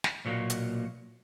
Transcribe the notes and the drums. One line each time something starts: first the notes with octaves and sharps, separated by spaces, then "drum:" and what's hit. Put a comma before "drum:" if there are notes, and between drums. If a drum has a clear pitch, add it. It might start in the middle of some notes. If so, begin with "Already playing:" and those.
drum: snare
B1 A#2 F#3 A#3
drum: hi-hat